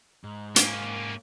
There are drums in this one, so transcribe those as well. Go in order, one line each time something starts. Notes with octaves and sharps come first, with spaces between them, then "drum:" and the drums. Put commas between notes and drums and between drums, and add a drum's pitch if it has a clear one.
G#2
A#3 C#4, drum: hi-hat